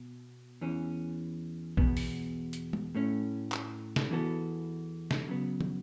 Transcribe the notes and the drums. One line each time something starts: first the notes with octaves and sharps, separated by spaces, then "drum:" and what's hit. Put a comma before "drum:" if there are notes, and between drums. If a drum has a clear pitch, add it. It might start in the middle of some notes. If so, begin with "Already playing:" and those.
Already playing: B2
E2 E3 C#4
E2 B2 B3, drum: kick A#1
drum: open hi-hat
drum: hi-hat
drum: tom
A2 A3 C#4
drum: clap
drum: snare
E2 E3 B3 F#4 A4
drum: snare
C#3 F#3 B3
drum: tom